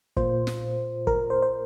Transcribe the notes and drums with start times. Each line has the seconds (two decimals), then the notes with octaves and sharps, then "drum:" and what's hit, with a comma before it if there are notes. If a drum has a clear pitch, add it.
0.17 A#2 A#3 F4 C5, drum: kick
0.47 drum: snare
1.07 A#4, drum: kick
1.30 C5
1.42 C5